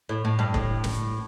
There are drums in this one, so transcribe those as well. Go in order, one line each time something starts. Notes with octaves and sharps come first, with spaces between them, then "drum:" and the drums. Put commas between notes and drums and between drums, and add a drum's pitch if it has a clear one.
A2
A2
G2
A2, drum: kick E1
drum: snare